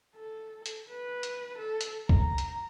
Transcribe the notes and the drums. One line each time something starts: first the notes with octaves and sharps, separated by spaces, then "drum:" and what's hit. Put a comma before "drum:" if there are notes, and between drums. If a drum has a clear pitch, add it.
A4
drum: hi-hat
B4
drum: hi-hat
A4
drum: hi-hat
A#5, drum: kick
drum: hi-hat